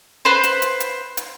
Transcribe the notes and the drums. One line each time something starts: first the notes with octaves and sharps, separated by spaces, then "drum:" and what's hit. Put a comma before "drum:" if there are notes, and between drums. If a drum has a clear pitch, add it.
B4 C5
drum: hi-hat
drum: hi-hat
drum: hi-hat
drum: hi-hat